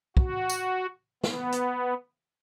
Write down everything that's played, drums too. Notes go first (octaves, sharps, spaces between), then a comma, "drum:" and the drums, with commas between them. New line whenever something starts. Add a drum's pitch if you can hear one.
F#4, drum: kick
drum: tambourine
B3, drum: snare
drum: hi-hat